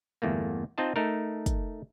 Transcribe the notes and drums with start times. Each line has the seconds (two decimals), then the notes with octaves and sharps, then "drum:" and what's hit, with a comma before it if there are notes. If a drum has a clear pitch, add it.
0.22 G1 E2 A3 A#3
0.78 C4 D#4 F4 D#5 A5
0.96 A3 D#4 A4 A#4
1.46 drum: kick, hi-hat